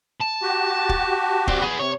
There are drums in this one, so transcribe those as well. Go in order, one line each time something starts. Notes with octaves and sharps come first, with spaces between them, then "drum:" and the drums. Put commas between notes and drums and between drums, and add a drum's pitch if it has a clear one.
A5
F#4 G4
drum: kick
C4 D5, drum: kick
B3 G#4
C3 C#5